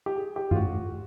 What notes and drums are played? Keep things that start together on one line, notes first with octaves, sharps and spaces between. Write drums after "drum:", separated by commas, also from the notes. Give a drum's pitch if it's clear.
G4
G#4
G4
F4, drum: tom G2
F#4